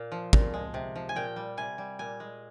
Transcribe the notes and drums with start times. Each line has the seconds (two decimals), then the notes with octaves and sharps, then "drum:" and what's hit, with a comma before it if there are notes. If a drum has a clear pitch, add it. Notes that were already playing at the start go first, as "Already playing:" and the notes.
Already playing: A#2 F5
0.12 F3
0.33 A#2, drum: kick
0.54 G#3
0.74 C3
0.95 F3
1.09 G#5
1.16 A#2 G5
1.36 G3
1.57 C3 G#5
1.78 G3
1.99 A#2 G#5
2.20 G#3